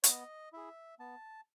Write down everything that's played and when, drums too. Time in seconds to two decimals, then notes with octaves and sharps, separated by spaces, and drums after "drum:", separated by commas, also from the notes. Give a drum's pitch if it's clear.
0.04 C#5, drum: hi-hat
0.08 B3 D#5
0.53 E4 G#4 E5
0.99 B3 A5